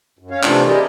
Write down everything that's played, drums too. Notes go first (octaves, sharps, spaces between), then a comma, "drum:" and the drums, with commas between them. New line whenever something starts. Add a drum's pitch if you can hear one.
F#2
C#4 C#5 F5
C3 E3 A3 C4 D4 F4, drum: clap
E4 G4 G#4 A#4 D5 D#5